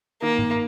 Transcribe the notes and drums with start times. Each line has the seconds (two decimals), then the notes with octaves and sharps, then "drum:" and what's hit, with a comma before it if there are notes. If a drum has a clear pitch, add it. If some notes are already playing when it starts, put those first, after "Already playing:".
0.22 D#3 A#3
0.39 drum: tom G2